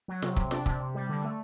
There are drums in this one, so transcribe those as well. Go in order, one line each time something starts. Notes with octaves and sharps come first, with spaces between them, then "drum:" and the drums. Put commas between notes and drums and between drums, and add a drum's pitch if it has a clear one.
F#3
C3, drum: snare
C3, drum: kick
D4, drum: snare
C3, drum: kick
C3
G3
D3
A3